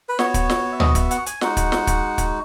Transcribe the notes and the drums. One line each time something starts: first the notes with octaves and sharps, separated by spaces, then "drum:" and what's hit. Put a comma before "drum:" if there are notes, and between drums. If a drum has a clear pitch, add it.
B4
B3 F#4 C#5, drum: snare
drum: kick, hi-hat
drum: snare
E5
D#5, drum: tom
E5, drum: kick, hi-hat
F#5, drum: hi-hat
G#5, drum: hi-hat
G#3 D#4 F#4 F#5, drum: snare
drum: kick, hi-hat
drum: snare
drum: kick, hi-hat
drum: kick, hi-hat